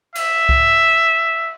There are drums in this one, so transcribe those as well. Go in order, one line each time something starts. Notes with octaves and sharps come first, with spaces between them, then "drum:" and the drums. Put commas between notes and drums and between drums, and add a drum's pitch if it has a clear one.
E5, drum: cymbal
drum: kick C2